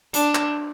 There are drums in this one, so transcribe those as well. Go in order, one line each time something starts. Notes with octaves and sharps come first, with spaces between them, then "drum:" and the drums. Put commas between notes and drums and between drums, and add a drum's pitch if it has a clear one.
D4, drum: hi-hat
drum: clap